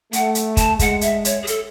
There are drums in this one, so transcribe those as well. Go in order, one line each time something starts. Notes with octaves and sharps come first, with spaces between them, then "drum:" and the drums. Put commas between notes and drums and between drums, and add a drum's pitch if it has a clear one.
A3 F#5, drum: hi-hat
drum: hi-hat
A5, drum: kick, hi-hat
G#3 F#5, drum: kick, hi-hat
E5, drum: hi-hat
C#5, drum: hi-hat
G#4
A4, drum: hi-hat